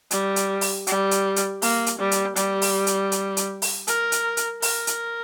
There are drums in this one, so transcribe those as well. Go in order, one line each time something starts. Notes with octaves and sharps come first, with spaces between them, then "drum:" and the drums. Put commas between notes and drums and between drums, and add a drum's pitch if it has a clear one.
G3, drum: hi-hat
drum: hi-hat
drum: open hi-hat
G3, drum: hi-hat
drum: hi-hat
drum: hi-hat
A#3, drum: open hi-hat
drum: hi-hat
G3
drum: hi-hat
G3, drum: hi-hat
drum: open hi-hat
drum: hi-hat
drum: hi-hat
drum: hi-hat
drum: open hi-hat
A#4, drum: hi-hat
drum: hi-hat
drum: hi-hat
A#4, drum: open hi-hat
drum: hi-hat